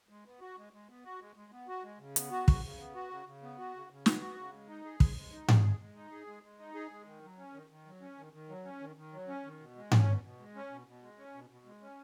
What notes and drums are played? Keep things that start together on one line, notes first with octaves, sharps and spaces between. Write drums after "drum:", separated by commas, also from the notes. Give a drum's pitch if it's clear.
G#3
B3
F#4
G#3
G#3
B3
F#4
G#3
G#3
B3
F#4
G#3
C#3
B3, drum: hi-hat
F#4
C#3, drum: kick
C#3
B3
F#4
C#3
C#3
B3
F#4
C#3
C#3
B3, drum: snare
F#4
C#3
G#3
D#4
G#4
G#3, drum: kick
G#3
D#4
G#4, drum: tom G#2
G#3
G#3
D#4
G#4
G#3
G#3
D#4
G#4
G#3
D#3
F#3
C#4
D#3
D#3
F#3
C#4
D#3
D#3
F#3
C#4
D#3
D#3
F#3
C#4
D#3
B2
G#3
C#4, drum: tom G#2
B2
B2
G#3
C#4
B2
B2
G#3
C#4
B2
B2
G#3
C#4